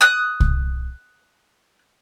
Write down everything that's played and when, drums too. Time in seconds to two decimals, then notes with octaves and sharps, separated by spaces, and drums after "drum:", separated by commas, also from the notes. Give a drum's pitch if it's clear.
0.01 D#6 F#6
0.40 drum: kick C2